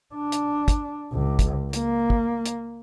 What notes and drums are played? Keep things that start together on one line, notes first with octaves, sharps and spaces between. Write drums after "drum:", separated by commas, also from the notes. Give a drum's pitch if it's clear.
D4
drum: hi-hat
drum: kick, hi-hat
C#2
drum: kick, hi-hat
A#3, drum: hi-hat
drum: kick
drum: hi-hat